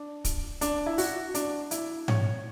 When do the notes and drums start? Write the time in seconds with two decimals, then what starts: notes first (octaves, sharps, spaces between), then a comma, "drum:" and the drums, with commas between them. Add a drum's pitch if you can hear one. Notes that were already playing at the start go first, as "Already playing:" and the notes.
Already playing: D4
0.25 drum: kick, hi-hat
0.61 D4, drum: hi-hat
0.86 E4
0.98 F#4, drum: open hi-hat
1.34 D4, drum: hi-hat
1.71 E4, drum: hi-hat
2.08 C#5, drum: tom G#2